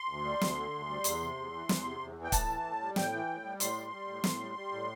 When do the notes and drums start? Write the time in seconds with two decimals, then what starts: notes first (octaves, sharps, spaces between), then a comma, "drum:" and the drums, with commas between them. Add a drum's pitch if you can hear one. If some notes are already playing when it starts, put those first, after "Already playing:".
Already playing: C6
0.09 D2
0.25 G3
0.41 D2, drum: snare
0.57 D3
0.73 D2
0.89 G3
1.04 E2, drum: hi-hat
1.21 C3
1.37 E2
1.53 E3
1.69 E2, drum: snare
1.85 C3
2.01 E2
2.17 E3
2.24 G5
2.32 A2 A5, drum: kick C#1, hi-hat
2.48 E3
2.64 A2
2.81 G3
2.96 A2 G5, drum: snare
3.12 E3
3.28 A2
3.44 G3
3.60 A2 C6, drum: hi-hat
3.76 G3
3.92 G3
4.08 A2
4.24 A2, drum: snare
4.41 G3
4.56 G3
4.72 A2